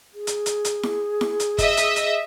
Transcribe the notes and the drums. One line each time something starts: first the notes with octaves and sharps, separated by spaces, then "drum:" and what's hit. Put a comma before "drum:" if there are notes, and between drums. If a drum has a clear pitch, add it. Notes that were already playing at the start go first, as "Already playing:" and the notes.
G#4
drum: hi-hat
drum: hi-hat
drum: hi-hat
drum: snare E4
drum: snare E4
drum: hi-hat
D#5 E5, drum: kick, hi-hat
drum: hi-hat
drum: hi-hat